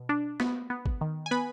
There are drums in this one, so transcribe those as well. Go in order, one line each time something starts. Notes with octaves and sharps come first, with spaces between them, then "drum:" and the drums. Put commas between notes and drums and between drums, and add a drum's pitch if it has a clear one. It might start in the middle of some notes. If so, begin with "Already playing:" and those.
Already playing: B2
D4
B3, drum: snare
B3
drum: kick G#1
D#3
G#5
B3 B4 B5